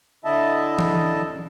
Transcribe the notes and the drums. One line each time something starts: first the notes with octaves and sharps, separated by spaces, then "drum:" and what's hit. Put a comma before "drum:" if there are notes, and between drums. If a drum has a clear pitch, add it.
D3 E4 D#5 E5 A5
drum: tom E3